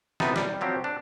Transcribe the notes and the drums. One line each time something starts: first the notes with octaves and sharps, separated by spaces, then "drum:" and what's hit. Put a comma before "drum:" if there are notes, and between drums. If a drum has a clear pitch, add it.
C3 B3 D#4 B4 A5, drum: snare
G3, drum: snare
F3 F#3 C4 G4
D4